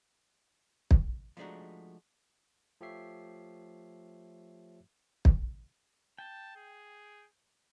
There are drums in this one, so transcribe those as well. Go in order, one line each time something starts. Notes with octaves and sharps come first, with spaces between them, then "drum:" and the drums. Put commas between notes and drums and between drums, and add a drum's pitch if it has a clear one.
drum: kick
F3 G#3 A3 D4 D#4 F#4
F3 A3 G4 C#5 E5 C7
drum: kick
G5 A5
G#4